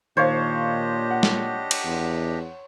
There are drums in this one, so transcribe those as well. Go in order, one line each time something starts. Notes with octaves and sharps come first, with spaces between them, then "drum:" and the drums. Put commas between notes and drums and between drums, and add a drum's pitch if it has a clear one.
A#2 D#3 D4 G4 C5 C#5 D#5 F5
F#5
drum: snare
drum: cymbal
E2